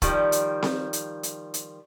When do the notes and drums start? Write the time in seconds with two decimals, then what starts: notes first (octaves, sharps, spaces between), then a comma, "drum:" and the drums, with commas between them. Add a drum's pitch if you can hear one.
0.02 D#3 F3 G3, drum: kick, hi-hat
0.32 drum: hi-hat
0.63 drum: snare C4
0.93 drum: hi-hat
1.23 drum: hi-hat
1.54 drum: hi-hat